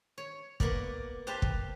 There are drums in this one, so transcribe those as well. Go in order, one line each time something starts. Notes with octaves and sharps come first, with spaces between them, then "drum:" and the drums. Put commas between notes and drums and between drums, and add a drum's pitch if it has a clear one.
C#5
A#3 B3 A#4 D5, drum: kick
G4 B4 C5 F5 A5
drum: kick